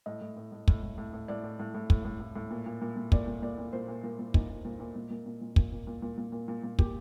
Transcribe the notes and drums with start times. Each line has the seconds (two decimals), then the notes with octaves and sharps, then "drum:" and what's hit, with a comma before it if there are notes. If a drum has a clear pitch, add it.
0.06 A2 D#5
0.21 A2
0.37 A2
0.52 A2
0.68 A2, drum: kick
0.83 A2
0.98 A2
1.13 A2
1.28 A2 D5
1.44 A2
1.59 A2
1.74 A2
1.90 A2, drum: kick
2.05 A2
2.20 A2
2.36 A2
2.51 A#2
2.66 A#2
2.82 A#2
2.96 A#2
3.12 A#2 D5, drum: kick
3.27 A#2
3.42 A#2 D5
3.58 A#2
3.73 A#2 C5
3.88 A#2
4.03 A#2 A#4
4.19 A#2
4.34 A#2 D#4, drum: kick
4.49 A#2
4.65 A#2
4.80 A#2
4.95 A#2
5.10 A#2
5.26 A#2
5.41 A#2
5.56 A#2, drum: kick
5.72 A#2
5.87 A#2
6.02 A#2
6.18 A#2
6.32 A#2
6.48 A#2
6.63 A#2
6.79 A#2 G4, drum: kick